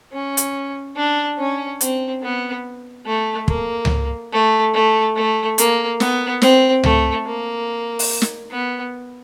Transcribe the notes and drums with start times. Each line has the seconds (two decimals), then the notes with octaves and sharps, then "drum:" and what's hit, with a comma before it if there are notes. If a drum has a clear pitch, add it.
0.13 C#4
0.37 drum: hi-hat
0.96 D4
1.38 C#4
1.81 C4, drum: hi-hat
2.22 B3
3.06 A3
3.48 A#3, drum: kick
3.85 drum: tom C#2
4.32 A3
4.74 A3
5.16 A3
5.58 A#3, drum: hi-hat
6.00 B3, drum: snare
6.42 C4, drum: snare
6.83 A3, drum: tom C#2
7.26 A#3
7.99 drum: open hi-hat
8.22 drum: snare
8.51 B3